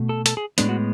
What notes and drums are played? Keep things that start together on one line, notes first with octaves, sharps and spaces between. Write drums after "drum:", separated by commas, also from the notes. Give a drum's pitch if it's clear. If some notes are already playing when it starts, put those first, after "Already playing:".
Already playing: B2 A3
A4
A4, drum: hi-hat
G#4
A2 G#3 B3 D4, drum: hi-hat
F#4